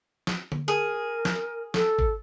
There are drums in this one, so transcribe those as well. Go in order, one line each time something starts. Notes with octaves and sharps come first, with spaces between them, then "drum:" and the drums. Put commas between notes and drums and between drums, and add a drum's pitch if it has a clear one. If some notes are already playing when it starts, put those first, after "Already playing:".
drum: snare
drum: tom D3
G#4 A#4
drum: snare
A4, drum: snare
drum: kick